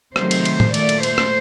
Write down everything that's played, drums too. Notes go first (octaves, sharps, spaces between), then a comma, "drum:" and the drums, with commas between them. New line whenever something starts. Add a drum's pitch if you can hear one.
C3 D#3 F#3 A3 C5, drum: rim click
drum: cymbal
drum: cymbal
drum: tom A2
A#2 A3 D5, drum: cymbal
drum: cymbal
C5, drum: cymbal
drum: rim click